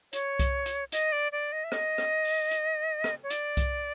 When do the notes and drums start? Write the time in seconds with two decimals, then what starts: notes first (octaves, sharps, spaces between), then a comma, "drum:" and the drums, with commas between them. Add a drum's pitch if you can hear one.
0.13 C#5, drum: hi-hat
0.39 drum: kick C2, hi-hat
0.66 drum: hi-hat
0.92 D#5, drum: hi-hat
1.12 D5
1.32 D5
1.52 D#5
1.64 E5
1.72 D#5, drum: rim click
1.98 drum: rim click
2.25 drum: open hi-hat
2.51 drum: hi-hat
3.04 drum: rim click
3.23 C#5
3.30 D5, drum: hi-hat
3.57 drum: kick C2, hi-hat